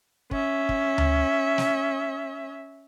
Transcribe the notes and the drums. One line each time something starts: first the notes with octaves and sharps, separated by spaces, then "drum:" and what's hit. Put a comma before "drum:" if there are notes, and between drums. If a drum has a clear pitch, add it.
C#4 E5, drum: kick
drum: kick
drum: tom D2
drum: snare